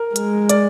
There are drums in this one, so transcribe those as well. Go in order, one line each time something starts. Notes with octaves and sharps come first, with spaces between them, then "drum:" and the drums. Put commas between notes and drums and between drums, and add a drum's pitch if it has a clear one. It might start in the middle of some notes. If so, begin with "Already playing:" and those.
Already playing: A#4
G#3, drum: hi-hat
D5, drum: hi-hat